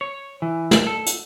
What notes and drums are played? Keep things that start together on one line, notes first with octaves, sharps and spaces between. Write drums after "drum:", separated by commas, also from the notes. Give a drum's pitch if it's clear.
C#5
E3
drum: snare
A4
drum: hi-hat